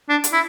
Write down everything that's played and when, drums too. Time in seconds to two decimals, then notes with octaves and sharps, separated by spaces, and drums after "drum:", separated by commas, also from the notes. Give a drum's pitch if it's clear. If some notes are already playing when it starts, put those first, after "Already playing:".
0.09 D4
0.24 drum: hi-hat
0.33 E4